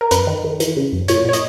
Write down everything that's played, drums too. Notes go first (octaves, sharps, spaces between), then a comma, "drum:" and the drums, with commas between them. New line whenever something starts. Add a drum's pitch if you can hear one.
A#4
F#2 B4, drum: hi-hat
D#3
D#3
E3, drum: hi-hat
C#3
F#2
A#2 C#5, drum: hi-hat
A#2 C#5
D#5, drum: hi-hat